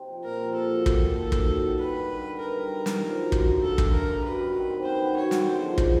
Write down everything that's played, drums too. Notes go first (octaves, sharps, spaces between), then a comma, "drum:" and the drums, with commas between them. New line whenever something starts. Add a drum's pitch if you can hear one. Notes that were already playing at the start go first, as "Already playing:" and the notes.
Already playing: C3 C4 D#4
F3
A#2 A#4
F3
A#2 A4
F#3
A#2, drum: kick
A#2
D#3 A4
F#3, drum: kick
F#3
D#3
G3 B4
G2
D3
D3
D#4 A#4
G3
G3
D#4, drum: snare
F3
F#2
F#2, drum: kick
D3
G2 A4
G2, drum: kick
E3 A#4
G2
F#2 B4
F#2
D#3
C4
B3 C5
B3
F#3 C#5
D3, drum: snare
G#3 C5
F3
C#3, drum: kick